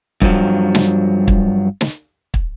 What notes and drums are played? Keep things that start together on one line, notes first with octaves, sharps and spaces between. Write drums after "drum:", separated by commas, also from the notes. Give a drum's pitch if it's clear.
G2 F3 F#3, drum: kick
drum: snare
drum: kick
drum: snare
drum: kick